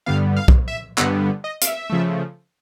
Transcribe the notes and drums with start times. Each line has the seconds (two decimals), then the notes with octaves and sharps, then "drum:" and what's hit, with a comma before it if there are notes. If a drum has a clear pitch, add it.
0.06 G2 D3 G3 B3 F5
0.36 F5
0.48 drum: kick
0.68 E5
0.98 G2 D3 G3 B3 F#5, drum: clap
1.44 D#5
1.62 F5, drum: hi-hat
1.67 E5
1.90 C#3 F3 A3